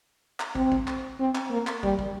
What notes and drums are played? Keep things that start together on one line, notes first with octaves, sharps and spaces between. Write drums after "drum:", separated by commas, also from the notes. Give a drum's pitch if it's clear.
drum: clap
C4, drum: kick
drum: kick
drum: clap
C4
drum: clap
A#3
drum: clap
G3, drum: kick
drum: kick